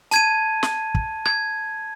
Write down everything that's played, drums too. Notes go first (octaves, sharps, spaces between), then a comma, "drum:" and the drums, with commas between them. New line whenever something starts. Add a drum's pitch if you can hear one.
A5 G#6 D#7, drum: hi-hat
drum: snare
drum: kick
G#6, drum: rim click